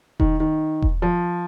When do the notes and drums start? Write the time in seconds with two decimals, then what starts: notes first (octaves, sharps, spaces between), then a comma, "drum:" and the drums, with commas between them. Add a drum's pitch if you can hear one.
0.20 D#3, drum: kick E1
0.40 D#3
0.82 drum: kick E1
1.02 F3